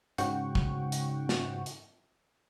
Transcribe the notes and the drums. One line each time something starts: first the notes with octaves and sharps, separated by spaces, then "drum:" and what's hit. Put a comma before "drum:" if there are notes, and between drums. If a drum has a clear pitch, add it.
G#2 C#3 F#4 F#5 G5 C#6, drum: hi-hat
drum: kick
drum: hi-hat
drum: snare
drum: hi-hat